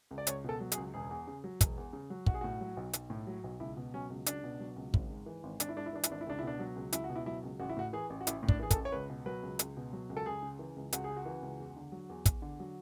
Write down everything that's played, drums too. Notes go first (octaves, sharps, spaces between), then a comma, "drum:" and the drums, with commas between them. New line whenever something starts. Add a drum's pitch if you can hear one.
C#2
D5
C#2 C#5, drum: hi-hat
B2 A4
F#3
G#4, drum: hi-hat
C#2
E1 G#4
E2
C#3
F#3
E1, drum: kick, hi-hat
E2
C#3
F#3
B1 F#4, drum: kick
G#4
A2 F#4
F#3
B1
B1, drum: hi-hat
A2
F#3
B1
C#2 E4
B2
F#3 C#4
C#2
C#2 D4, drum: hi-hat
B2
F#3
C#2
G#1, drum: kick
G#2
E3
G#1
G#1 D4, drum: hi-hat
E4
G#2 D4
E4
E3 D4
E4, drum: hi-hat
G#1 D4
E4
C#2 D4
E4
B2 D4
F#3
C#2
C#2 E4, drum: hi-hat
F#4
B2
E4
F#3 E4
C#2
A1 F#4
E4
A2 F#4
E3 G#4
A1
F#4
A1 E4, drum: hi-hat
A2
D4, drum: kick
E3 G#4
A4, drum: kick, hi-hat
A1
C#5
C#2 B4
B2
F#3 B4
C#2
C#2, drum: hi-hat
B2
F#3
C#2
A4
C#2 G#4
C#3
E3
C#2
C#2 F#4, drum: hi-hat
G#4
C#3
F#4
E3
C#2
E2
D3
F#3
E2
E2, drum: kick, hi-hat
D3
F#3